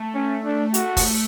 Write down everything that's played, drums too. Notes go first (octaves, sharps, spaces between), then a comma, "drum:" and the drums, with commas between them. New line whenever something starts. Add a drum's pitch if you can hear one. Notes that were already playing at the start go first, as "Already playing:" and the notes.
Already playing: A3
C#4
D4
F#4, drum: hi-hat
drum: kick, open hi-hat